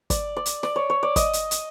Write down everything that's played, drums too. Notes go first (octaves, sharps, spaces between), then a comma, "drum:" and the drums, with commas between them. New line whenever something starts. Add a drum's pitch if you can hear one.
D5, drum: kick, hi-hat
D5
drum: hi-hat
D5, drum: snare
C#5
C#5
D5
D#5, drum: kick, hi-hat
drum: hi-hat
drum: hi-hat